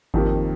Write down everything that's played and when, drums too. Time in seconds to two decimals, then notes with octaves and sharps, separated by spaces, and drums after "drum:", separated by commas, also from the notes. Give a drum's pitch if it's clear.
0.14 F2 D#3 A#3 G4, drum: kick G#1